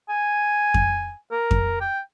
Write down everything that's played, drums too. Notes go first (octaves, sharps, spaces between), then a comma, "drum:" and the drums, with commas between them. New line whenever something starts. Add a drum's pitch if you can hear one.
G#5
drum: kick F2
A#4
drum: kick F2
G5